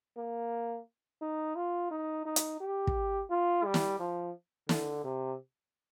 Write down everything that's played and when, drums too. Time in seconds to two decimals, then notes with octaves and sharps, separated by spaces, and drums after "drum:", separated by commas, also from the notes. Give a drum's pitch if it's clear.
0.17 A#3
1.22 D#4
1.56 F4
1.91 D#4
2.26 D#4
2.36 drum: hi-hat
2.60 G4
2.87 drum: kick
3.30 F4
3.65 G3
3.74 drum: snare
4.00 F3
4.69 D3, drum: snare
5.04 C3